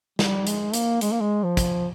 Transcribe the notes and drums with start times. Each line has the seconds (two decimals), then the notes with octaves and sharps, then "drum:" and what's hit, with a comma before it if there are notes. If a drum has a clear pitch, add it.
0.19 G3, drum: snare
0.47 G#3, drum: hi-hat
0.74 A#3, drum: hi-hat
1.01 G#3, drum: hi-hat
1.12 A#3
1.21 G#3
1.43 F3
1.57 drum: kick, hi-hat